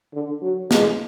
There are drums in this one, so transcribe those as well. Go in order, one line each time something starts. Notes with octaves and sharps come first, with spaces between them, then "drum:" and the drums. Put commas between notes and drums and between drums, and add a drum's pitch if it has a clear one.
D3
F#3
G#3, drum: snare